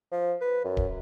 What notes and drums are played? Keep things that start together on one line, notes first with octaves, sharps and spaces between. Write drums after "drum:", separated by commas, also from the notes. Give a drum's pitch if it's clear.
F3
B4
F#2
drum: kick D1